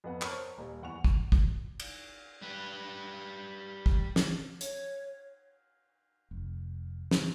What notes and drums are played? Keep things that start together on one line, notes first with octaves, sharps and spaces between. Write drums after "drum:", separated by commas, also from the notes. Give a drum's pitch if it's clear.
F2 B3 F#5
A#4 C5 C#5 A5 C#6 F6, drum: clap
D#1
E2 F#5 C#6 F7
drum: kick
drum: kick
drum: cymbal
G3 B4
drum: kick
drum: snare
C#5, drum: hi-hat
F1
drum: snare